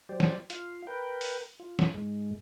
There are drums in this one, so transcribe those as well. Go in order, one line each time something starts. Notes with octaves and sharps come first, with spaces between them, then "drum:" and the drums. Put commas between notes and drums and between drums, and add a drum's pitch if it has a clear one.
F#3 G4 C5 D5
drum: snare
F4 F5, drum: hi-hat
A#4 B4 G5
drum: open hi-hat
F4
drum: snare
G#2 G#3